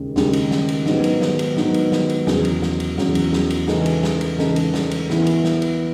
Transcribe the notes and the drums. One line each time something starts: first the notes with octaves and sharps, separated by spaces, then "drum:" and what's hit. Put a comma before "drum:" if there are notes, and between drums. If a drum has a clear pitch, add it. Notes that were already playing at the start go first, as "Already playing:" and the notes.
Already playing: D#2 C#3 G#3
D#2 C#3 G#3, drum: snare
drum: cymbal
drum: snare
drum: cymbal
G#2 D#3 F#3 B3, drum: snare
drum: cymbal
drum: snare
drum: cymbal
G#2 D#3 F#3 B3, drum: snare
drum: cymbal
drum: snare
drum: cymbal
E2 C#3 F#3 C#4 G#4, drum: snare
drum: cymbal
drum: snare
drum: cymbal
E2 C#3 F#3 C#4 G#4, drum: snare
drum: cymbal
drum: snare
drum: cymbal
C#3 E3 G#3 D#4 A4, drum: snare
drum: cymbal
drum: snare
drum: cymbal
C#3 E3 G#3 D#4 A4, drum: snare
drum: cymbal
drum: snare
drum: cymbal
E3 B3 E4 B4, drum: snare
drum: cymbal
drum: snare
drum: cymbal